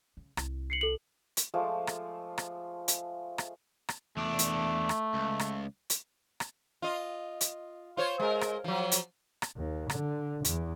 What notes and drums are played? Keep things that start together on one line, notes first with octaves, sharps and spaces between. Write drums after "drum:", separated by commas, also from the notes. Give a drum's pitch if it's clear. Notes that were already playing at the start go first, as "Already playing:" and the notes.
C#3
C2, drum: rim click
C7 C#7 F#7
A4 F#7
drum: hi-hat
F3 G#3 A3 D6
drum: rim click
drum: rim click
drum: hi-hat
drum: rim click
drum: rim click
E2 A3 D4
drum: hi-hat
drum: rim click
C#2
drum: rim click
drum: hi-hat
drum: rim click
F4 D#5
drum: hi-hat
F4 C5 C#5
G#3 A#4
drum: rim click
F3 F#3
drum: hi-hat
drum: rim click
D#2
D3, drum: rim click
E2, drum: hi-hat